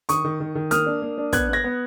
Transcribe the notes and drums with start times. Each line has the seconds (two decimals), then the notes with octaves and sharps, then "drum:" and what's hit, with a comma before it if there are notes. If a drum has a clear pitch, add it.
0.09 D#3 C#6 D#6, drum: hi-hat
0.24 D#3
0.40 D#3
0.55 D#3
0.71 A#3 D#6 F6, drum: hi-hat
0.86 D4
1.02 A#3
1.18 D4
1.33 B3 F#6 G#6, drum: kick, hi-hat
1.49 B3 G#6 A#6
1.64 B3